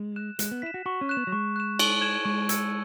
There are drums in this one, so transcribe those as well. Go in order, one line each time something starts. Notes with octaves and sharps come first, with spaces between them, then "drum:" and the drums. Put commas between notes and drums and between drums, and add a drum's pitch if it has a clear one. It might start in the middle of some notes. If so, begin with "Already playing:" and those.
Already playing: G#3
F#6 E7
G#3 F#6, drum: hi-hat
B3
E4 B6 E7
F#4
F#4 C#6
C#4
F#6 E7
B3
F#3
G#3 C#6
F#6 E7
C#6, drum: cymbal
G#6 E7
G#3 C#6
E6 G#6 C#7, drum: hi-hat